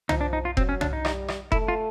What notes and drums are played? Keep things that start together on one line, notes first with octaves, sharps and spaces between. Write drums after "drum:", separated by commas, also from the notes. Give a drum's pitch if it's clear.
F3 D#4, drum: tom
D4
D#4
F4
F#3 C4, drum: kick F1
C#4
D4, drum: tom
D#4
G3, drum: rim click
drum: rim click
A3 E4, drum: kick F1
F4